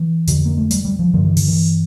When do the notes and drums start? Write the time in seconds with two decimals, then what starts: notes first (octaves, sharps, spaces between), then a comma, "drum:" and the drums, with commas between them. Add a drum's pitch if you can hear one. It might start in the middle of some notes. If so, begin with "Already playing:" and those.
Already playing: E3
0.27 F2 D3, drum: hi-hat
0.45 A#3
0.57 A3
0.71 G3, drum: hi-hat
0.85 G3
0.99 F3
1.13 G2 D3 F3
1.25 E3
1.37 D3, drum: open hi-hat
1.48 E3